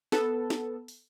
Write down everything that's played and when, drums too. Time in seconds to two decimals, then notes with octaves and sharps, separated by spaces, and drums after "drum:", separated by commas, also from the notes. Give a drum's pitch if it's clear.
0.12 B3 A4, drum: snare
0.50 drum: snare
0.88 drum: open hi-hat